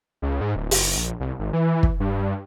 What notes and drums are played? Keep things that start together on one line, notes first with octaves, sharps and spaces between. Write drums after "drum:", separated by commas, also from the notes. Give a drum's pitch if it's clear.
C#2
G#2
D1
F#1, drum: open hi-hat
A#1
C2
G#1
E3
drum: kick
G2